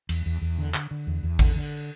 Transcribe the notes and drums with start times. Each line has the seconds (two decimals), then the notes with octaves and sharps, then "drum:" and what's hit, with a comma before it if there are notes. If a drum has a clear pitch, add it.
0.09 E2, drum: cymbal
0.26 E2
0.42 E2
0.58 D3
0.74 D3, drum: clap
0.91 D3
1.07 E2
1.23 E2
1.39 D3, drum: kick A1, cymbal
1.56 D3